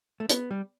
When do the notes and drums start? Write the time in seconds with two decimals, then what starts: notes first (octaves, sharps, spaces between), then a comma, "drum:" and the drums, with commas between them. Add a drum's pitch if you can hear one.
0.20 A3
0.29 B3, drum: hi-hat
0.51 G3